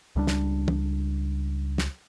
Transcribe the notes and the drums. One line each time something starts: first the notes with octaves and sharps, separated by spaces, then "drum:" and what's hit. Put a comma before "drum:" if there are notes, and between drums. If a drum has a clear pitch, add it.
C#2 G3 D4
drum: snare
drum: tom
drum: snare